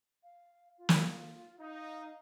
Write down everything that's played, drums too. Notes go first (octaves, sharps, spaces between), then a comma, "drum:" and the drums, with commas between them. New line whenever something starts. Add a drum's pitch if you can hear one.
F5
F4
drum: snare
D#4 F5